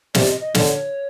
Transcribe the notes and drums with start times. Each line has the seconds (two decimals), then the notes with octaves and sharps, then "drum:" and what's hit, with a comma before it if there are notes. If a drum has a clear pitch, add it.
0.14 C3 D5, drum: snare
0.28 D#5
0.41 D#5
0.54 D3 C#5 D5, drum: snare